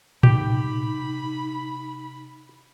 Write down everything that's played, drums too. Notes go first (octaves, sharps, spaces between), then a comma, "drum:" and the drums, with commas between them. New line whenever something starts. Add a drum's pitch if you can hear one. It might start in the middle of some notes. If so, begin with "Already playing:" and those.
C3 D#4 G4 B5, drum: tom A2